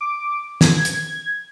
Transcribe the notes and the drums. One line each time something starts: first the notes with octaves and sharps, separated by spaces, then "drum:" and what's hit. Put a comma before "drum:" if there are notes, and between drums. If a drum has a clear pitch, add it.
D6
G#6, drum: snare
drum: hi-hat